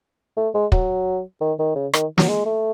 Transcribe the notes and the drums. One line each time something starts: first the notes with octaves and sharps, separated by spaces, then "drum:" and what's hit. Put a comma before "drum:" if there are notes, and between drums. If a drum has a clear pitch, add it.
A3
G#3
F#3, drum: kick
D#3
D#3
C#3
D#3, drum: rim click
F#3, drum: snare
G#3
A3